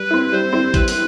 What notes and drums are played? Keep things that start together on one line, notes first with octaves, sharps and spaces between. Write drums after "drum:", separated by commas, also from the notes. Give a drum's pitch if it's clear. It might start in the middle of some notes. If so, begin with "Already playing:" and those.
Already playing: G3 B4
C4 E4
G3 C5
C4 E4
G3 B4, drum: kick A1, hi-hat
drum: open hi-hat